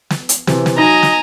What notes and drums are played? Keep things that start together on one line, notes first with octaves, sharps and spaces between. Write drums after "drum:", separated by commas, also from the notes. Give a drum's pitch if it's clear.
drum: snare
drum: hi-hat
C3 E3 C4, drum: snare
drum: snare
F#3 D#4 D#5 G#5 A#5
drum: snare